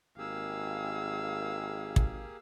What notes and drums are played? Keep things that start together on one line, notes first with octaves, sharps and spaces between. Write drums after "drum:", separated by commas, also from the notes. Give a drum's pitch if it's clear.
G#1 A#3 G4 G#4 F5 E6
drum: kick